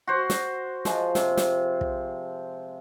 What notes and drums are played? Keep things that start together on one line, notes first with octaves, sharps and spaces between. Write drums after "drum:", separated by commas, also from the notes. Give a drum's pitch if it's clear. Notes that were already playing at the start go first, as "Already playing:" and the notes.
F#4 C5
drum: snare
F3 G#3, drum: snare
C3, drum: snare
drum: snare
drum: kick